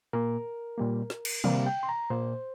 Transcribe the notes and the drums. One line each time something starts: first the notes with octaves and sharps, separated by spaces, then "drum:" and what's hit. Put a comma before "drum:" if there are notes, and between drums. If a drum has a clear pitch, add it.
A#2 A#3 A#4
A#2 G3 A#3
drum: snare
drum: cymbal
C3 G3 A#3 F5, drum: tom
G5
C6
A#5
A#2 A#3 C5